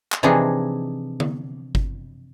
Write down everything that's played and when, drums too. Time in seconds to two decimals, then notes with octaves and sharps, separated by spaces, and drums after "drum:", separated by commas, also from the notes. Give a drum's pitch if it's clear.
0.12 drum: clap
0.23 C3 E3 F3 D4 D#4 G#4
1.20 drum: tom D3
1.75 drum: kick G1